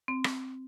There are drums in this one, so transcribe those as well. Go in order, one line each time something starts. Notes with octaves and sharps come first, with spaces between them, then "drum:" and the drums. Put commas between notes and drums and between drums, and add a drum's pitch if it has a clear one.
C4
drum: rim click